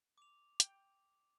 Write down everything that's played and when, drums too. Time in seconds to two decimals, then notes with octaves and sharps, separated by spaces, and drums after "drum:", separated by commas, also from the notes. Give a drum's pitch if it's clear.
0.18 D6 F7
0.60 G5, drum: hi-hat